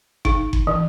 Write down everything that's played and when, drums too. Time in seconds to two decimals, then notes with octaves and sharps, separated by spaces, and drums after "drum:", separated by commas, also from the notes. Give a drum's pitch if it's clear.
0.25 D#4, drum: kick F#1
0.53 drum: kick F#1
0.67 E3